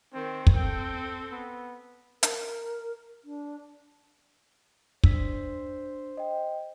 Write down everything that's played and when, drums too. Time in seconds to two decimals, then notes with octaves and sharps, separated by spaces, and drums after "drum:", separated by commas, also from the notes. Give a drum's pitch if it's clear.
0.14 D#3 C4
0.47 drum: kick
0.56 C4 A4 G5
1.31 B3
2.23 A#4, drum: hi-hat
3.25 D4
5.04 D4 C5 E6 B6, drum: kick
6.17 D#5 G5